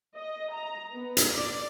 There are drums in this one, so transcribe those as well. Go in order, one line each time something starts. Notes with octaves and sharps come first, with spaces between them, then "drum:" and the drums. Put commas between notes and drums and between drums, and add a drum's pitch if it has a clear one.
D#5
A#5
B3
drum: hi-hat
D5